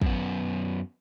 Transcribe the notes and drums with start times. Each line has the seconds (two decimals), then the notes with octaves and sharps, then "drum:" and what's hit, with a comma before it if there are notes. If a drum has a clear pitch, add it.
0.02 F#2 B3, drum: kick